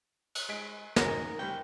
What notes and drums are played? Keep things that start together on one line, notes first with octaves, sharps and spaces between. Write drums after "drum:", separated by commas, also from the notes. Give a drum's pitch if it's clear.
drum: cymbal
G#3 B6 D7
D2 C#4 A#4, drum: snare
D#4
F#1 G3 G5